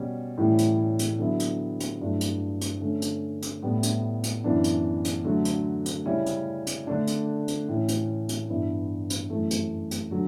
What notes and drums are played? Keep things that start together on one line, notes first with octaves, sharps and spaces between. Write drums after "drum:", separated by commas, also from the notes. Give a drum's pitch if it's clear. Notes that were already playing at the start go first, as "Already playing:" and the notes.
Already playing: B2 G3 C#4
A2 E3 G3 C#4 E4
drum: hi-hat
drum: hi-hat
D3 F#3 B3 E4
drum: hi-hat
drum: hi-hat
G2 F#3 A3 E4
drum: hi-hat
drum: hi-hat
D3 A3 C#4
drum: hi-hat
drum: hi-hat
A2 G3 B3 E4
drum: hi-hat
drum: hi-hat
F#2 E3 B3 D4
drum: hi-hat
drum: hi-hat
D3 F#3 A3
drum: hi-hat
drum: hi-hat
C#3 G3 C#4 E4
drum: hi-hat
drum: hi-hat
D3 A3 D4
drum: hi-hat
drum: hi-hat
A2 E3 A3 C#4
drum: hi-hat
drum: hi-hat
G2 E3 B3 E4
drum: hi-hat
F#2 E3 A3
drum: hi-hat
drum: hi-hat
D3 F#3